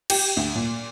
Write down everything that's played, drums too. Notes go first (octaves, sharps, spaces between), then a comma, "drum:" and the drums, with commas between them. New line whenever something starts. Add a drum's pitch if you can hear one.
G4, drum: cymbal
D2
A#2